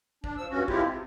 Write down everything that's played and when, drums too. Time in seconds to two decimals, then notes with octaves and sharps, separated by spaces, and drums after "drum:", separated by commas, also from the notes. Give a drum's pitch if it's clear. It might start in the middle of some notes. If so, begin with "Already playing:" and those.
0.24 D4, drum: kick
0.37 F3 E6
0.50 E2 G2 C#4 F#4
0.68 B2 G#3 C4 E4 F4 G4, drum: kick
0.83 C3